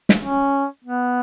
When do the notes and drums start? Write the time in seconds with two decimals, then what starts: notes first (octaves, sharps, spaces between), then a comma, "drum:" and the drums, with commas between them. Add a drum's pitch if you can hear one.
0.09 drum: snare
0.21 C#4
0.84 B3